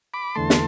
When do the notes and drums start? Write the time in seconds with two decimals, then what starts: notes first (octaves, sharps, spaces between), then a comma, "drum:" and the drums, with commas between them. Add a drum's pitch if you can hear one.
0.14 B5 D6
0.35 E2 D3 A3 A5 C6
0.50 drum: snare